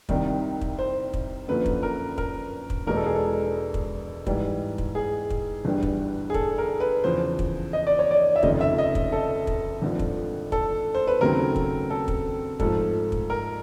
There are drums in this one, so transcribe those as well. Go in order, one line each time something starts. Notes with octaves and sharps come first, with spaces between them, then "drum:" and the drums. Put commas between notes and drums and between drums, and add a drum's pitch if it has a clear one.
C2 C3 D#3 G3, drum: kick
drum: kick
C5
drum: kick
F#2 D3 F3 A#3 B4
drum: kick
A#4
A#4, drum: kick
drum: kick
E1 E2 B2 G#3 A#4
A4
G#4
A4
drum: kick
G#2 E3 G3, drum: kick
drum: kick
G#4
drum: kick
G1 G2 E3 G3
drum: kick
G#4
A4, drum: kick
A#4
B4
E2 C#3 F3 C5
drum: kick
D#5
D5
C#5
D5
E5
F1 D#2 C#3 F3 A3 D#5, drum: kick
E5
D#5
drum: kick
A4
drum: kick
G#1 G2 D3 F3
drum: kick
A4, drum: kick
C5
B4
D#2 C#3 F#3 A3 C4 A#4
drum: kick
A4
drum: kick
G#2 F3 A3 A4, drum: kick
drum: kick
A#4